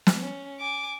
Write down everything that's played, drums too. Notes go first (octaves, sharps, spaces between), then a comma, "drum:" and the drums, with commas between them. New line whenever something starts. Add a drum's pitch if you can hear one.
drum: snare
C#4
G#5 D6